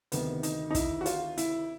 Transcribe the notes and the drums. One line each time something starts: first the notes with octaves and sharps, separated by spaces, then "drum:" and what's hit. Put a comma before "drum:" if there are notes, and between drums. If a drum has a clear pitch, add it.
D2 C3 D#3 B3, drum: hi-hat
D#4, drum: hi-hat
D#4
E4, drum: kick, hi-hat
F#4
F4, drum: hi-hat
E4, drum: hi-hat